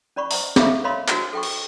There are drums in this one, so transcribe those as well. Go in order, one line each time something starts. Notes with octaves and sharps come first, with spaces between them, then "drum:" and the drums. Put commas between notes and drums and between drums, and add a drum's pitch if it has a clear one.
C#4 D5 B5 C#6
C5 A#5, drum: open hi-hat
A4 E5 F5 B5 C#6 D6, drum: snare
A#4 C#5 D#5 F5 B5 C6
D4 F#4 A#4 C5 D#5, drum: clap
A4 G5 C#6
drum: cymbal